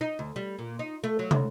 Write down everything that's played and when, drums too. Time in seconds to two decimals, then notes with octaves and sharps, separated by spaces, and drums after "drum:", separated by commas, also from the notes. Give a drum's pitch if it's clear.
0.01 D#4
0.19 D2
0.36 G3
0.59 A#2
0.79 D#4
1.04 A3
1.19 F#3
1.31 D2, drum: tom